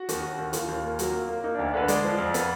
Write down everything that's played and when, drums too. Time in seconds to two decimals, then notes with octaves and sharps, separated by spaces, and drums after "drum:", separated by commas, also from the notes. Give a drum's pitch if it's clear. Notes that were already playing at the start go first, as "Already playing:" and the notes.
Already playing: F#4
0.09 D#2, drum: hi-hat
0.23 D#2
0.38 D#2
0.53 D#2 F4, drum: hi-hat
0.68 D#2
0.83 A#3
0.99 F#3, drum: hi-hat
1.13 A#3
1.29 A#3
1.44 A#3 D#4
1.55 D2 D4
1.74 D3 B4
1.88 G#3 D5, drum: hi-hat
2.04 F3
2.19 F2
2.34 B3, drum: hi-hat